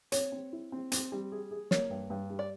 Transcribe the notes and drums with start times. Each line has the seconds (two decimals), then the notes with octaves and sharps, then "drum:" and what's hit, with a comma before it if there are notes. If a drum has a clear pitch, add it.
0.12 C4 C#5, drum: hi-hat
0.32 C4
0.53 E4
0.72 C4
0.92 C4, drum: hi-hat
1.12 G3
1.32 G#4
1.51 G#4
1.71 A#3 C#5, drum: snare
1.90 G2
2.10 G2
2.30 G3
2.39 D5